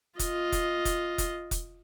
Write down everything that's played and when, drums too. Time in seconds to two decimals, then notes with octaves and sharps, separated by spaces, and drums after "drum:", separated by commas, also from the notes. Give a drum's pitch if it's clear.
0.19 F4 D#5, drum: kick, hi-hat
0.52 drum: kick, hi-hat
0.85 drum: kick, hi-hat
1.18 drum: kick, hi-hat
1.51 drum: kick, hi-hat